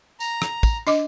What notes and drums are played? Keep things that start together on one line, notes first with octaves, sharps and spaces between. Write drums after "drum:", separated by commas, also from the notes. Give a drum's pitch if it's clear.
A#5, drum: tambourine
drum: rim click
drum: kick, tambourine
D4 D#5 D6, drum: tambourine